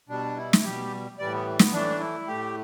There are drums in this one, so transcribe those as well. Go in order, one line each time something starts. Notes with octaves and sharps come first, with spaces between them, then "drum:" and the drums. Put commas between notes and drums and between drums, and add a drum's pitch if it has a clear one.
B2 G3 D4
E4
drum: snare
B2 G3 G4
A2 E3 G3 D5
B3
B3, drum: snare
A2 E3 A3 D4
E4
A2 A3 G4